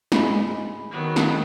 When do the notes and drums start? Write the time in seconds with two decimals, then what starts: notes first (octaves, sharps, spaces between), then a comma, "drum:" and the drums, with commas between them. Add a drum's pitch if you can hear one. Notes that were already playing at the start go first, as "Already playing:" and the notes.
0.12 G#3 B5, drum: snare
0.91 D#3 F#3 B3
1.16 drum: snare